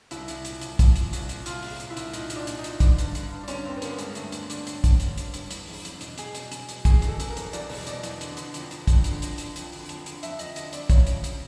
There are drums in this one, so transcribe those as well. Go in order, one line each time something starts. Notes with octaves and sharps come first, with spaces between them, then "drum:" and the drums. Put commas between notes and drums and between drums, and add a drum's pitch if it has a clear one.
C2 E4, drum: hi-hat
C2, drum: hi-hat
A#2, drum: hi-hat
C2, drum: hi-hat
C2, drum: kick, hi-hat
A#2, drum: hi-hat
C2, drum: hi-hat
A#2, drum: hi-hat
C2 F4, drum: hi-hat
A#2, drum: open hi-hat
A#2, drum: hi-hat
E4
C2, drum: hi-hat
A#2 D#4, drum: hi-hat
A#2, drum: hi-hat
D4
A#2, drum: hi-hat
D#4
A#2, drum: hi-hat
D3 D4, drum: kick, hi-hat
G2, drum: hi-hat
D3, drum: hi-hat
G2
D4
G2 C#4, drum: hi-hat
G2 C4
B3
D3 A#3, drum: hi-hat
D3 G#3, drum: hi-hat
G2 A3, drum: hi-hat
D3, drum: hi-hat
D3 D4, drum: hi-hat
G2, drum: hi-hat
G2, drum: kick, hi-hat
D3, drum: hi-hat
D3, drum: hi-hat
G2, drum: hi-hat
E2, drum: hi-hat
E2, drum: open hi-hat
E2, drum: hi-hat
B2, drum: hi-hat
B2 G#4, drum: hi-hat
B2, drum: hi-hat
B2, drum: hi-hat
B2, drum: hi-hat
E2 G#4, drum: kick, hi-hat
B2, drum: hi-hat
A4
B2, drum: hi-hat
A#4
E2, drum: hi-hat
E2 D5, drum: hi-hat
B2, drum: open hi-hat
B2 D5, drum: hi-hat
E2, drum: hi-hat
D3, drum: hi-hat
D3, drum: hi-hat
F2, drum: hi-hat
D3, drum: hi-hat
F2, drum: kick, hi-hat
D3, drum: hi-hat
F2, drum: hi-hat
D3, drum: hi-hat
F2, drum: hi-hat
D3, drum: open hi-hat
F2, drum: hi-hat
D3, drum: hi-hat
F2 E5, drum: hi-hat
F2 D#5, drum: hi-hat
D3 D#5, drum: hi-hat
F2 D5, drum: hi-hat
C#3 C#5, drum: kick, hi-hat
F2, drum: hi-hat
drum: hi-hat